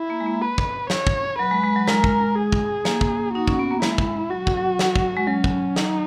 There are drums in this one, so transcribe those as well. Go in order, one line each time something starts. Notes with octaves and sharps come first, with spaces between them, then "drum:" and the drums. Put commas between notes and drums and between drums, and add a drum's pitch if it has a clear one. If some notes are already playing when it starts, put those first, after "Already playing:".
Already playing: E4
A#3
G#3
A#3
B4
drum: kick
C#5, drum: snare
drum: kick
F#3 B4
G#3
G#3
F#3
G#3 A#4, drum: snare
drum: kick
G#4
drum: kick
A#3, drum: snare
drum: kick
D#4 F#4
C#4, drum: kick
B3
A#3
G#3 E4, drum: snare
drum: kick
F#3 F#4
drum: kick
F#3
drum: snare
drum: kick
G#3
F#3 C#4
drum: kick
D#4, drum: snare